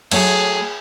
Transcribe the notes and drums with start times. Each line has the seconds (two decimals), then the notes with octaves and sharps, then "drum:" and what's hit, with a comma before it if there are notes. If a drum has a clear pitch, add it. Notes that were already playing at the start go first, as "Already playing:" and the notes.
0.11 F#3 A3 G#4 C#5, drum: cymbal